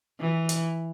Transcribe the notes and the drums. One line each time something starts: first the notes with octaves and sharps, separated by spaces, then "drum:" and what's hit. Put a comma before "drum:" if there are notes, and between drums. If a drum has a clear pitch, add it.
E3
drum: hi-hat